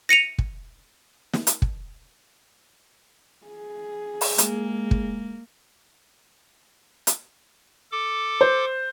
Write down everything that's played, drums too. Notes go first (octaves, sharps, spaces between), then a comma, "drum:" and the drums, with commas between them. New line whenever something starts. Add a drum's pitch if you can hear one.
A#6 C#7 D#7 F7
drum: kick
drum: snare
drum: hi-hat
drum: kick
G#4
drum: open hi-hat
G#3 A#3, drum: hi-hat
drum: kick
drum: hi-hat
A4 D6
C5